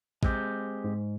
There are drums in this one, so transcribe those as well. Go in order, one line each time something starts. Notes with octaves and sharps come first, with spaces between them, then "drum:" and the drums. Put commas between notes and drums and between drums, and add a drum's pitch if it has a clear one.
G#3 C4 G4, drum: kick
G#2